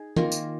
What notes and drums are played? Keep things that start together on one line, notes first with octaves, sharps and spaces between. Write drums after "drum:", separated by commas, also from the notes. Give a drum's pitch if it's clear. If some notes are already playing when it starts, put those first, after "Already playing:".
Already playing: D#4 G#4
D#3 A#3 F4 A#4, drum: tom D#3
drum: tambourine